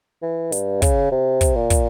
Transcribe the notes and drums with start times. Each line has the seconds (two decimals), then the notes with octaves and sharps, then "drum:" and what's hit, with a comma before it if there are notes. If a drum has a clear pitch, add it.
0.22 E3
0.52 G2, drum: hi-hat
0.82 C#3, drum: kick, hi-hat
1.11 C3
1.41 drum: kick, hi-hat
1.56 A#2
1.70 drum: kick, hi-hat